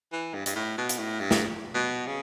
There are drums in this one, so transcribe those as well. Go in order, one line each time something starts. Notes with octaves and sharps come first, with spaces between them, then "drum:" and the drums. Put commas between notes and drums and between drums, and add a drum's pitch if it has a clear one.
E3
G2
G2, drum: hi-hat
A2
B2
drum: hi-hat
A2
G2
drum: snare
B2
C#3